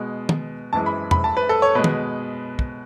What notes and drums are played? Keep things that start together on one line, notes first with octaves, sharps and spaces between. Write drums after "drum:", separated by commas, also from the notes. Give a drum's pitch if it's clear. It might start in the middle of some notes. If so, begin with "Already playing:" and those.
Already playing: B2 G#3
drum: tom
F#2 E3 G#3 A5
B5
B5, drum: tom E2
A5
B4
A4
C#5
B2 G#3 B4
drum: tom
drum: kick